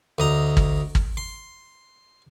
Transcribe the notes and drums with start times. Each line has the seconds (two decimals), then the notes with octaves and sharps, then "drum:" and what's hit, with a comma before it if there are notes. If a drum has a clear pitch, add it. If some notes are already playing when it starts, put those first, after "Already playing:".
0.18 D2 D#5 A#5
0.57 drum: kick G#1
0.95 drum: kick G#1
1.17 C6